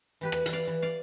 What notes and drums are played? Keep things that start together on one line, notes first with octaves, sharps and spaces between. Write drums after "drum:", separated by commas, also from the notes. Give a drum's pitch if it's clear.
E3 G4 B4
drum: rim click
E3, drum: hi-hat
D5 F5
E3
D5 F5